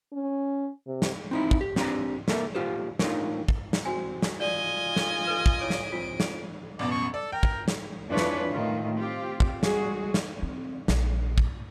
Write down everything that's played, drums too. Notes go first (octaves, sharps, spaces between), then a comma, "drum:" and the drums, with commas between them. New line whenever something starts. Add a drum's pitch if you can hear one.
C#4
C3
drum: snare
C4 D#4 E4
drum: kick
G4
C4 D4 G4 B4 D5 A#5, drum: snare
C2 A#3 A4 A#4 E5, drum: snare
A#2 F4 G4 C5
A2 D4 D#4 F4 A#4 C#5, drum: snare
drum: kick
drum: snare
C4 F#4 G#5
drum: snare
F4 D5 D#5 G#5 G7
drum: snare
A4 B4
drum: kick
E4 C#5 D6 D7
drum: snare
C4 F4
drum: snare
A1 F#2 B2 D5
C#6
A4 D5
A#4 G5
drum: kick
drum: snare
F2 E3 D4 F4 B4 C#5
drum: snare
A2 D#3 F4
C4 F4 G4
drum: kick
G3 G#3 F#4 G#4, drum: snare
drum: snare
C4
A#1, drum: snare
drum: kick